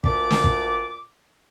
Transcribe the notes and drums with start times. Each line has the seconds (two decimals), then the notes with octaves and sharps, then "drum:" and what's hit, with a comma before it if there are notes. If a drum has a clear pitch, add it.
0.04 D2 A#2 D5 D6, drum: kick
0.30 drum: snare
0.44 drum: kick